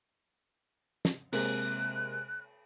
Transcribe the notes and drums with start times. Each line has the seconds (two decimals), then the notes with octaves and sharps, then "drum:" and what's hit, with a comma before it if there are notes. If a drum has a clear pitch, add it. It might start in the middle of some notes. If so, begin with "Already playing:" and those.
1.05 drum: snare
1.33 C3 G#3 A#3 F#6, drum: cymbal